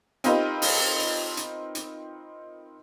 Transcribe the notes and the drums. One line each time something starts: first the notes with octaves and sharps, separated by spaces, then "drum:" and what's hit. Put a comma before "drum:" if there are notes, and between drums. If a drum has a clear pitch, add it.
C4 D#4 F4 G4 A#4 B4, drum: hi-hat
drum: open hi-hat
drum: hi-hat
drum: hi-hat
drum: hi-hat